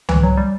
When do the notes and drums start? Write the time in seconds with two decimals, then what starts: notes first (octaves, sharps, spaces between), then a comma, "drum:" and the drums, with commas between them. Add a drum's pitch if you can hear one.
0.09 E3, drum: tom C#2
0.23 F#3
0.37 G3